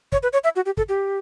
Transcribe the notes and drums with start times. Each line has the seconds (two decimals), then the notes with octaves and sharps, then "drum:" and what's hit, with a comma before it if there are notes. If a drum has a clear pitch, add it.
0.12 C#5, drum: kick
0.23 B4
0.33 C#5
0.44 E5
0.56 F#4
0.66 G4
0.77 A4, drum: kick
0.89 G4